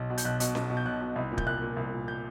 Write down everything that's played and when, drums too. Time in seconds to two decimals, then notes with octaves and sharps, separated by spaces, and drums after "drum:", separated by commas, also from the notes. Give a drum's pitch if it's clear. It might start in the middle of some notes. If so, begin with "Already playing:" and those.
Already playing: B1
0.10 B2
0.18 G6, drum: hi-hat
0.25 B1 F#6
0.40 B2, drum: hi-hat
0.55 B1, drum: snare C#4
0.70 B2
0.77 G6
0.85 B1 F#6
1.01 B2
1.16 C2
1.32 A#2
1.38 G6, drum: kick
1.46 C2 F#6
1.62 A#2
1.77 C2
1.93 A#2
2.08 G6